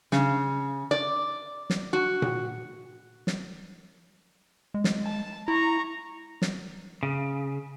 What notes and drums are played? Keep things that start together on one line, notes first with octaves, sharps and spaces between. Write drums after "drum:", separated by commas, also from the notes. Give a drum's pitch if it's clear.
C#3, drum: snare
D5
drum: snare
F#4
drum: tom A#2
drum: snare
G#3
drum: snare
A5
E4 A#5 C#6
drum: snare
C#3